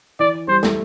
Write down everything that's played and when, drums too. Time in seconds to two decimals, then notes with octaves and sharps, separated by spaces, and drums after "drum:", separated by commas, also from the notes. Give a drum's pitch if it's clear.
0.19 E3 D5
0.48 G3 C5
0.63 A3, drum: snare